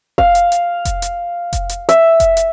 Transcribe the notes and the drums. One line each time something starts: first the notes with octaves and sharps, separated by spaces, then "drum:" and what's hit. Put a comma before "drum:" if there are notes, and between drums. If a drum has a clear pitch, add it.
F5, drum: kick F1
drum: hi-hat
drum: hi-hat
drum: kick F1, hi-hat
drum: hi-hat
drum: kick F1, hi-hat
drum: hi-hat
E5, drum: hi-hat
drum: kick F1, hi-hat
drum: hi-hat